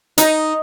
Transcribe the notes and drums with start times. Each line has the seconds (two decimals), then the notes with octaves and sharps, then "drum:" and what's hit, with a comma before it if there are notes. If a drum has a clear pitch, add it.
0.18 D#4, drum: hi-hat